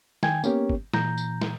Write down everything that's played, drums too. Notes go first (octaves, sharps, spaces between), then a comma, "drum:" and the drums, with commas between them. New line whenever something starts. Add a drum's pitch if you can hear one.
D#3 G5 G#5 G#6, drum: snare
A#3 B3 C#4 G4 A#4 C#5, drum: tambourine
drum: kick G1
A#2 E3 A#5 G6, drum: snare
drum: tambourine
drum: snare